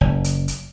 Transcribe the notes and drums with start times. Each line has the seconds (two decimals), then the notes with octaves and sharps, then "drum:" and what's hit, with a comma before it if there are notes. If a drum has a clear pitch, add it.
0.01 F#1
0.24 drum: hi-hat
0.48 drum: hi-hat